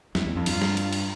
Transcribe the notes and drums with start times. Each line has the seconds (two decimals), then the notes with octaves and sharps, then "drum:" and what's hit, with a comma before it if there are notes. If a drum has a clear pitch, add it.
0.15 F2 E4, drum: snare
0.26 E2
0.36 F2
0.46 G2 F4, drum: cymbal
0.62 drum: snare
0.77 drum: cymbal
0.92 drum: cymbal